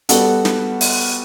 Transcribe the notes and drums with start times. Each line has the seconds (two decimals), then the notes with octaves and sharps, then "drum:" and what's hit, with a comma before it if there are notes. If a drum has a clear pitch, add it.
0.09 G3 B3 F#4 A4, drum: hi-hat
0.45 drum: snare
0.81 drum: open hi-hat